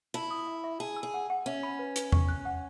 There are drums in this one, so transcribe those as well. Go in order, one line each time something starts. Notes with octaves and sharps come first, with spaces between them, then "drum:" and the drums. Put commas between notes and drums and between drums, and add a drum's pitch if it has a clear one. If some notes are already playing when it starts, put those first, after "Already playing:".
E4 A5
D#6
E5
E5
G#4 A5
E6
G#4
F#5
F#5
C#4 E5
B5
B4
B4, drum: hi-hat
C#6, drum: tom E2
F#6
F#5